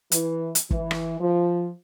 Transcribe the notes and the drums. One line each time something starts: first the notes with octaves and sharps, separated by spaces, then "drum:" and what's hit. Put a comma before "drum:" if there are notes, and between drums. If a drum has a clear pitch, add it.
E3, drum: hi-hat
drum: hi-hat
E3, drum: kick
drum: rim click
F3